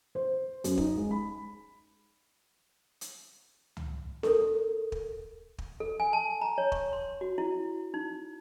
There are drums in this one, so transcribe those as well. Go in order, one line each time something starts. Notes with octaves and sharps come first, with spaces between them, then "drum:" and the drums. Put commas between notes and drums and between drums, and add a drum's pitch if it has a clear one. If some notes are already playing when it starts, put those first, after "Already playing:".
C5
F#2, drum: hi-hat
D#4, drum: kick
G#3
B5
drum: hi-hat
drum: tom C#2
A4 A#4, drum: snare D4
drum: kick
drum: kick
A4
G#5
A5
A#5
C#5
C#6, drum: kick
C6
F#4
E4
D#4